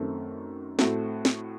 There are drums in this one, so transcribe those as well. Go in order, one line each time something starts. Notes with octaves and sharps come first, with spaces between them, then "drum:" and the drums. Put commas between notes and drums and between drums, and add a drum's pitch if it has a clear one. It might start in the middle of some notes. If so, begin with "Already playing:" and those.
Already playing: F#2 D#3 A3 C4
A2 A3 C4 F#4, drum: snare
drum: snare